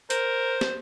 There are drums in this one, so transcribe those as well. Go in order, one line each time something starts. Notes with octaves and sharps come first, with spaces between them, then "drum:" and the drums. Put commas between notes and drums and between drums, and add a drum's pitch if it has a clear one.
A#4 C5, drum: hi-hat
drum: snare